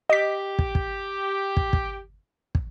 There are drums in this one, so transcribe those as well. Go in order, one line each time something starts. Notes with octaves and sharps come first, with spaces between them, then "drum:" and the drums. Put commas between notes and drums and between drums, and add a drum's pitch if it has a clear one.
G4 D#5 B6
drum: kick
drum: kick
drum: kick
drum: kick
drum: kick